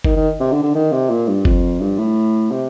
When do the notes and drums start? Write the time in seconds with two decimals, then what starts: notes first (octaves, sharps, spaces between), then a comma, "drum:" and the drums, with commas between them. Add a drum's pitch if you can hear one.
0.04 D#3, drum: kick F#1
0.16 D#3
0.40 C3
0.52 D3
0.63 D3
0.75 D#3
0.92 C3
1.10 A#2
1.28 G2
1.45 F2, drum: kick F#1
1.81 G2
1.98 A2
2.51 C3